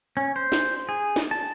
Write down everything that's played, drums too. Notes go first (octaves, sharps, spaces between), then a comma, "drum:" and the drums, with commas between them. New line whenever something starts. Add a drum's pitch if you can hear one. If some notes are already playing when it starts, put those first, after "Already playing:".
C#4
C5
drum: snare
G#4
drum: snare
A5